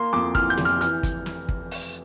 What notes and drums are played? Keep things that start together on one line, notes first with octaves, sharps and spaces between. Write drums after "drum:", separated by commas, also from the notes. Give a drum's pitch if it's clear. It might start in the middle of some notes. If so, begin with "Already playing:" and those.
Already playing: A#3 C6
F2 D6
E3 F6, drum: kick
G6
F1, drum: snare
F6
E3 F6, drum: hi-hat
drum: kick, hi-hat
drum: snare
drum: kick
drum: open hi-hat